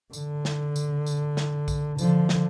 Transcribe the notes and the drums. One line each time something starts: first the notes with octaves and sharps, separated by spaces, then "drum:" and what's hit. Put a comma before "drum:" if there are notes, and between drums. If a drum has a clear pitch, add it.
D3, drum: tambourine
drum: snare
drum: tambourine
drum: tambourine
drum: snare
drum: kick B1, tambourine
D3 F3, drum: tambourine
drum: snare